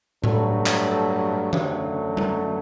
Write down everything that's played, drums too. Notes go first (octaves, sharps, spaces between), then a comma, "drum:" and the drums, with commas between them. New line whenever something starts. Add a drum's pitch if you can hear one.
G2 F#3 A3 A4, drum: tom A2
drum: clap
A4
F#2 D3 F#3 A3 G4, drum: tom E3
A#4, drum: tom G3